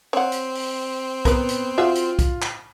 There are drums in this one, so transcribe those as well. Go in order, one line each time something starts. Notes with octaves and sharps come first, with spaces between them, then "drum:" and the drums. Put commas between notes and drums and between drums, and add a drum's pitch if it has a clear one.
C4 C#5 F#5
drum: hi-hat
drum: open hi-hat
B3 A#4 B4, drum: kick, hi-hat
drum: hi-hat
F4 F#4 G#4 E5
drum: hi-hat
drum: kick, hi-hat
drum: clap